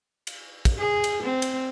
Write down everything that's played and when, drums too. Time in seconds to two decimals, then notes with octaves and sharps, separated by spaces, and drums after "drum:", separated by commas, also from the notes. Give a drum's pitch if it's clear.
0.27 drum: cymbal
0.65 drum: kick, cymbal
0.78 G#4
1.04 drum: cymbal
1.23 C4
1.42 drum: cymbal